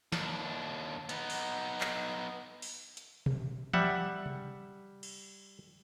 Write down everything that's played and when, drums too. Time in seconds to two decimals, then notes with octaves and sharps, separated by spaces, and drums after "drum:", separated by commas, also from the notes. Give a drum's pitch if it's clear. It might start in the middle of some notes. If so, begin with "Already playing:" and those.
0.12 D#2 D4, drum: snare
1.09 B3 D#4, drum: hi-hat
1.30 drum: open hi-hat
1.81 drum: clap
2.62 drum: open hi-hat
2.97 drum: hi-hat
3.26 drum: tom B2
3.73 G3 E5 F#5, drum: tom E3
4.26 drum: tom C3
5.03 drum: cymbal